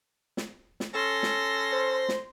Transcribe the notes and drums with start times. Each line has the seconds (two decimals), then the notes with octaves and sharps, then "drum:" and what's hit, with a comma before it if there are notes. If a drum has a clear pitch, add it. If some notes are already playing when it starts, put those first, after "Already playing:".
0.37 drum: snare
0.80 drum: snare
0.94 C#4 A4 C6 A#6
1.23 drum: snare
1.72 C5
2.09 drum: snare